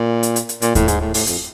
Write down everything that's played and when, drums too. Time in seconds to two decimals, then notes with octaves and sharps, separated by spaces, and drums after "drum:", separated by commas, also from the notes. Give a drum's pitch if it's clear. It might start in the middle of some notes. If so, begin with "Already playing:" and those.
Already playing: A#2
0.23 drum: hi-hat
0.36 drum: hi-hat
0.49 drum: hi-hat
0.62 A#2, drum: hi-hat
0.75 A2, drum: kick D#2, hi-hat
0.88 G#2, drum: hi-hat
1.01 A2
1.14 A2, drum: open hi-hat
1.27 F2, drum: hi-hat